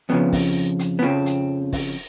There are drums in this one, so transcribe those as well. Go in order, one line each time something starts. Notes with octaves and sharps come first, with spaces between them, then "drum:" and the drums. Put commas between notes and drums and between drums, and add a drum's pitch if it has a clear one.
F2 C#3 F3 B3
drum: kick, open hi-hat
drum: hi-hat
B3
F2 C#3 F3 C4
drum: hi-hat
drum: kick, open hi-hat